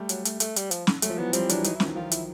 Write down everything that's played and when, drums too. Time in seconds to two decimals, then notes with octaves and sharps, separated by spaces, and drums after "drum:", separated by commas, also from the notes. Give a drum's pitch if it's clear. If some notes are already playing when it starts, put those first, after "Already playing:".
Already playing: G3 A3
0.09 F#3, drum: hi-hat
0.25 A3, drum: hi-hat
0.40 A3, drum: hi-hat
0.56 G3, drum: hi-hat
0.71 F3, drum: hi-hat
0.87 drum: snare
1.02 F#3 G#3 A3, drum: hi-hat
1.10 F3
1.18 E3 F#3 B3
1.33 F3 G3 C4, drum: hi-hat
1.49 E3 F#3 D4, drum: hi-hat
1.64 E3 F#3 D#4, drum: hi-hat
1.75 E4
1.80 D#3 F3, drum: snare
1.95 D#3 F3 F4
2.11 E4, drum: hi-hat